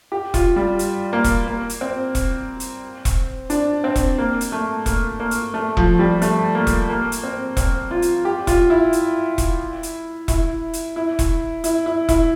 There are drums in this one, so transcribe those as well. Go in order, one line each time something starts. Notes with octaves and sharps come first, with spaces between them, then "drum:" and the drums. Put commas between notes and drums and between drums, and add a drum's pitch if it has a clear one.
G4
F4, drum: kick E1, hi-hat
G3
drum: hi-hat
A#3
drum: kick E1, hi-hat
A#3
drum: hi-hat
C4
drum: kick E1, hi-hat
drum: hi-hat
drum: kick E1, hi-hat
D4, drum: hi-hat
C4
drum: kick E1, hi-hat
A#3
drum: hi-hat
A3
A#3, drum: kick E1, hi-hat
A#3
drum: hi-hat
A3
F3, drum: kick E1
G3
A3, drum: hi-hat
A#3
drum: kick E1, hi-hat
A#3
drum: hi-hat
C4
C4, drum: kick E1, hi-hat
F4
drum: hi-hat
G4
F4, drum: kick E1, hi-hat
E4
drum: hi-hat
drum: kick E1, hi-hat
drum: hi-hat
E4, drum: kick E1, hi-hat
drum: hi-hat
E4
drum: kick E1, hi-hat
E4, drum: hi-hat
E4
E4, drum: kick E1, hi-hat